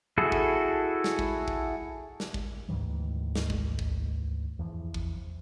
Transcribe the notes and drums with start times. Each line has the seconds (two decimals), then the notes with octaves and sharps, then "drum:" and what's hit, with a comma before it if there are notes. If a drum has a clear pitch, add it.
0.18 E4 F#4 G#4 A4
0.32 drum: kick
1.04 drum: snare
1.19 drum: kick
1.48 drum: kick
2.20 drum: snare
2.34 drum: kick
2.69 D2 G#2 D#3 E3
3.35 drum: snare
3.50 drum: kick
3.79 drum: kick
4.59 E2 E3 F3
4.94 drum: kick